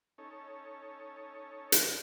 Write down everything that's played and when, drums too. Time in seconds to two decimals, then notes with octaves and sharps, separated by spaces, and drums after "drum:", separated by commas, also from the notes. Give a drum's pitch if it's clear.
0.18 C#4 D#4 A4 C#5
1.72 drum: hi-hat